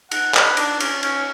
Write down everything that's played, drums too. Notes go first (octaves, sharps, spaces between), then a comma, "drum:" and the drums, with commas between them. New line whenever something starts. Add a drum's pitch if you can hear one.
F#5, drum: cymbal
B4, drum: clap
D4, drum: cymbal
C#4, drum: cymbal
C#4, drum: cymbal